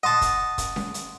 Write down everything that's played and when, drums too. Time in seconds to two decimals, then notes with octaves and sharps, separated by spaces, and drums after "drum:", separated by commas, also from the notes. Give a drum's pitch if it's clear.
0.03 D#5 F#5 A5 C6 D#6
0.22 drum: kick, hi-hat
0.58 drum: kick, hi-hat
0.76 drum: snare C#4
0.94 drum: hi-hat